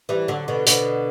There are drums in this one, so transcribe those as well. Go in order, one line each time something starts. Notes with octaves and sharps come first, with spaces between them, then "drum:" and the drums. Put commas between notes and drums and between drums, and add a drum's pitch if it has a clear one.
E3 G3
D3 F#3
B2 D3
B2 D3, drum: hi-hat